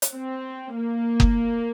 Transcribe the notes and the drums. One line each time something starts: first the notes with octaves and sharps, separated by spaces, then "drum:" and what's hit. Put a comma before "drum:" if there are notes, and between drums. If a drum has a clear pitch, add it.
drum: hi-hat
C4
A#3
drum: kick F#1